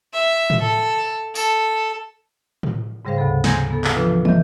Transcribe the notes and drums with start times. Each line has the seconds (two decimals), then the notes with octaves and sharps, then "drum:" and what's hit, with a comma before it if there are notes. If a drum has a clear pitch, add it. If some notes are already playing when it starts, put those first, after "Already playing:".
0.14 E5
0.50 drum: tom A2
0.61 A4
1.35 A4, drum: tambourine
2.63 drum: tom A2
3.05 G#2 C#3 G3 G#4 C5 F5
3.17 D2 C3 A4 B5
3.44 G#5 A#5 C6 G6 G#6 A#6, drum: snare
3.70 B3 A4
3.84 drum: clap
3.95 E3 F3 D4 F4 A4 B4
4.25 D#5 E5 G6, drum: tom